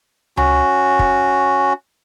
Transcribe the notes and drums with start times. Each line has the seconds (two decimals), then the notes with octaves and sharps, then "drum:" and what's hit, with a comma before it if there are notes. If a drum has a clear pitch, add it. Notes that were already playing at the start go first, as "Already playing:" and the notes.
0.37 C#4 F#4, drum: tom C#2
0.99 drum: kick